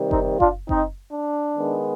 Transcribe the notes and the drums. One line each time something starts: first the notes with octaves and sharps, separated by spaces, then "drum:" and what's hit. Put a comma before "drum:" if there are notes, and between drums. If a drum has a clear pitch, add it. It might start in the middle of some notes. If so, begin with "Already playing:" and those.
Already playing: C3 D#3 G3
C4 D#4, drum: kick F#1
D4 F4, drum: kick F#1
C4 D#4, drum: kick F#1
D4
D#3 G#3 B3